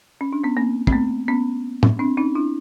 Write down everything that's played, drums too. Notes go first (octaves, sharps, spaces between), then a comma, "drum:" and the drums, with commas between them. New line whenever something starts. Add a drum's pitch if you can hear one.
C#4
D4
B3 C#4
A#3 C4
C4, drum: kick
A3 B3
B3 C#4
drum: tom
C4 D4
C#4 D#4
D4 E4